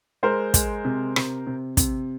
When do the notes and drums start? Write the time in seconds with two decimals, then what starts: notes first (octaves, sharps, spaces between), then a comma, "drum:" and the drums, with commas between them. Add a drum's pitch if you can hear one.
0.23 G#3 A#4 C5
0.54 G#3, drum: kick, hi-hat
0.85 C3
1.16 C3, drum: rim click
1.47 C3
1.77 C3, drum: kick, hi-hat